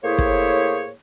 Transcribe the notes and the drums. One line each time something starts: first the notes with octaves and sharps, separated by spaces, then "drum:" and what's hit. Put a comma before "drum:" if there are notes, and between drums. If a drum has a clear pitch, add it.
A2 A#3 E4 G#4 C5 C#5
drum: kick